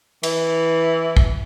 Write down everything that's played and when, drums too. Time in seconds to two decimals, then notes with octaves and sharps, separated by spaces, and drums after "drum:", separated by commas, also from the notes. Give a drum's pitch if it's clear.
0.23 E3, drum: cymbal
1.17 drum: kick